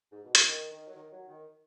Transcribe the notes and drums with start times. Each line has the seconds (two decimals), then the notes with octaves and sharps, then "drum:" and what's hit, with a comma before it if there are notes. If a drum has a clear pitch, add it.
0.11 G#2
0.23 B2
0.35 C#3, drum: hi-hat
0.46 D#3
0.71 D#3
0.87 F#3
0.95 D#3
1.12 F#3
1.28 D#3